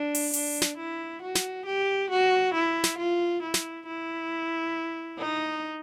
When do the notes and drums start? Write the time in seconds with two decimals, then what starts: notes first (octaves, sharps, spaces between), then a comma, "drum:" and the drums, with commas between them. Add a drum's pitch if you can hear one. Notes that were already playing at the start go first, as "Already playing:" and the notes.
Already playing: D4
0.15 drum: open hi-hat
0.33 D4, drum: open hi-hat
0.62 drum: snare
0.77 E4
1.22 F#4
1.35 drum: snare
1.66 G4
2.10 F#4
2.54 E4
2.84 drum: snare
2.98 F4
3.42 E4
3.54 drum: snare
3.86 E4
5.19 D#4